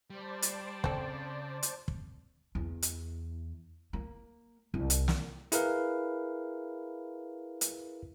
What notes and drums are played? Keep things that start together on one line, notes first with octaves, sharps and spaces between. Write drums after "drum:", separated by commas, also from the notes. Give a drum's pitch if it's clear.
G3 C5 D5 A5
drum: hi-hat
C#3 C4 A4, drum: kick
drum: hi-hat
drum: kick
E2
drum: hi-hat
A#3
C2
drum: hi-hat
drum: snare
E4 G#4 A#4 B4 F5, drum: hi-hat
drum: hi-hat